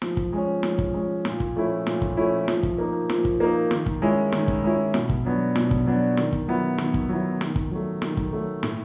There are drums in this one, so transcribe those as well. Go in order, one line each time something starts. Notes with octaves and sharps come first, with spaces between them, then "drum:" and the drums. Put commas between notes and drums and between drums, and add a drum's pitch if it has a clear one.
F3, drum: snare
drum: kick
G#3 C#4
F3, drum: snare
drum: kick
G#3 C#4
A#2, drum: snare
drum: kick
F3 A3 C#4 E4
A#2, drum: snare
drum: kick
F3 A3 C#4 E4
F3, drum: snare
drum: kick
A#3 D#4
F3, drum: snare
drum: kick
A#3 D#4
D#3, drum: snare
drum: kick
G#3 C#4 E4
D#3, drum: snare
drum: kick
G#3 C#4 E4
B2, drum: snare
drum: kick
F#3 B3 D4
B2, drum: snare
drum: kick
F#3 B3 D4
D#3, drum: snare
drum: kick
F#3 B3 E4
D#3, drum: snare
drum: kick
F#3 B3 E4
D#3, drum: snare
drum: kick
F#3 A3
D#3, drum: snare
drum: kick
F#3 A3
A2, drum: snare